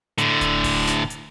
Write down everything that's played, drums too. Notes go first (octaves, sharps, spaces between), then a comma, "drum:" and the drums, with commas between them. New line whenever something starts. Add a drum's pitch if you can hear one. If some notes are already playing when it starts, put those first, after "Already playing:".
A2 D3, drum: hi-hat
drum: kick D1, hi-hat
drum: kick D1, open hi-hat
drum: snare
drum: hi-hat